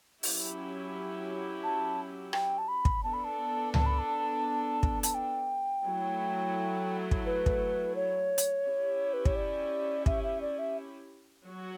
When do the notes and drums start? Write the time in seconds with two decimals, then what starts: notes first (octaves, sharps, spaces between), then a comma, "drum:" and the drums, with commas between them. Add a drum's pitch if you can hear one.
0.23 F#3 C#4 E4 G4, drum: open hi-hat
1.64 A5
2.33 G5, drum: rim click
2.58 A5
2.68 B5
2.85 drum: kick
3.04 B3 D4 A4 A5
3.13 B5
3.24 A5
3.74 A5, drum: tom C#2
3.86 B5
3.99 A5
4.83 drum: kick
5.03 A5, drum: hi-hat
5.14 G5
5.85 F#3 A3 E4
7.11 drum: kick
7.26 B4
7.46 drum: kick
7.96 C#5
8.38 drum: hi-hat
8.65 C#4 E4 G4
9.13 B4
9.25 C#5, drum: kick
9.36 D5
10.06 E5, drum: kick
10.23 E5
10.41 D5
10.59 E5
11.46 F#3 F#4